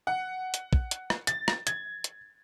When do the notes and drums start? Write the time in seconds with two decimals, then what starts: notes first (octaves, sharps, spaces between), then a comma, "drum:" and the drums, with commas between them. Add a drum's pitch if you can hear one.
0.07 F#5
0.54 drum: hi-hat
0.73 drum: kick
0.91 drum: hi-hat
1.10 drum: rim click
1.27 A6, drum: hi-hat
1.48 drum: rim click
1.67 G#6, drum: hi-hat
2.04 drum: hi-hat